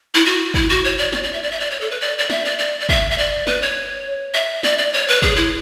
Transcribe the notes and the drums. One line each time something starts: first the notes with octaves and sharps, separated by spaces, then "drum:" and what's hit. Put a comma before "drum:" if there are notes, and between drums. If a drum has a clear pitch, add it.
E4
F#4
E4, drum: kick
F#4
C#5
D5
D5, drum: snare
D5
E5
D5
E5
D5
C#5
A4
B4
D5
D5
E5, drum: snare
D5
D5
D5
E5, drum: kick
E5
D5
B4, drum: snare
C#5
E5
D5, drum: snare
D5
C#5
B4
G#4, drum: kick
E4